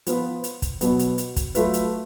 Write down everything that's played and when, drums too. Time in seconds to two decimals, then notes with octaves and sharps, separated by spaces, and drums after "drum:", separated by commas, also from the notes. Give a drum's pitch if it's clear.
0.06 F3 B3 F4 B4, drum: hi-hat
0.44 drum: hi-hat
0.62 drum: kick, hi-hat
0.81 B2 F#3 B3, drum: hi-hat
0.99 drum: hi-hat
1.18 drum: hi-hat
1.36 drum: kick, hi-hat
1.55 F#3 A3 F4 B4, drum: hi-hat
1.73 drum: hi-hat